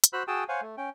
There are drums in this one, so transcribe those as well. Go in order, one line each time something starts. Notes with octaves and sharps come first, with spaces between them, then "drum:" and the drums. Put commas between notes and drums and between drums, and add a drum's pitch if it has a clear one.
drum: hi-hat
F#4 C5 B5 E6 F#6
F#4 G#4 G5 A5 D#6 E6
C5 C#5 F5 F#5 G#5
A3
C#4 G5